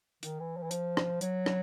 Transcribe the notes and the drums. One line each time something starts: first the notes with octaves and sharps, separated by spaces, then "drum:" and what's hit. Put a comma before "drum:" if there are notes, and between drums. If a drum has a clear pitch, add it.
D#3, drum: hi-hat
E3
F3
E3
F3, drum: hi-hat
drum: rim click
F#3, drum: hi-hat
drum: rim click